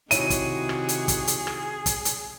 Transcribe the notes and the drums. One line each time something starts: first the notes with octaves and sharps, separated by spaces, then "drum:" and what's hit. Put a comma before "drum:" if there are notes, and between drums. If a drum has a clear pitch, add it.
C3 D#3 D#4 E4 F#4 G#4 C#5 D#7, drum: hi-hat
drum: kick, hi-hat
drum: rim click
drum: hi-hat
drum: kick, hi-hat
drum: hi-hat
drum: rim click
drum: kick, hi-hat
drum: hi-hat